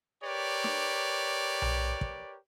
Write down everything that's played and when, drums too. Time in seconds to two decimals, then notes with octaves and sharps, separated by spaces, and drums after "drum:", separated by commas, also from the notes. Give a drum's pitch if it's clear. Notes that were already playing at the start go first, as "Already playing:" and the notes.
0.24 G4 A#4 B4 C#5 D5
0.64 drum: snare
1.62 drum: tom B1
2.01 drum: kick